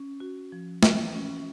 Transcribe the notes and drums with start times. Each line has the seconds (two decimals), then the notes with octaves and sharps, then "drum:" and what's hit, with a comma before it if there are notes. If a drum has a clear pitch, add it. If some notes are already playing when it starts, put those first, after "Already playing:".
Already playing: C#4
0.20 F#4
0.52 F3
0.83 E3, drum: snare
1.14 C#4